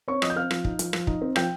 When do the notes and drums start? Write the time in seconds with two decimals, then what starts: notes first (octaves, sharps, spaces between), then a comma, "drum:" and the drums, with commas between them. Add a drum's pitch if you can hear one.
0.08 C4 C#5 C#6
0.22 F3 D#5 D#6, drum: rim click
0.30 G6
0.36 C4 F5 F6
0.51 F3, drum: rim click
0.65 D#4, drum: kick
0.79 F3, drum: hi-hat
0.93 F3, drum: rim click
1.07 D#4, drum: kick
1.22 C4
1.36 F3 G5 G6, drum: rim click